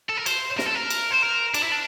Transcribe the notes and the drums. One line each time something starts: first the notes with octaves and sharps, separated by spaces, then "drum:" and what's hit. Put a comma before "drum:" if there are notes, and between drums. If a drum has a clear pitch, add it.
A4
A#4
C5, drum: cymbal
A#4, drum: snare
A4
A#4
drum: cymbal
C5
A#4
D4, drum: cymbal
E4
D4